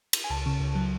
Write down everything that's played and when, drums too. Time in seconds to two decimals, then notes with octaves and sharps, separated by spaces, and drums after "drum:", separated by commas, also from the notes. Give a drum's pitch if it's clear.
0.13 drum: cymbal
0.24 G#5
0.30 C#2 A5
0.46 C#3
0.60 C#2
0.75 F#3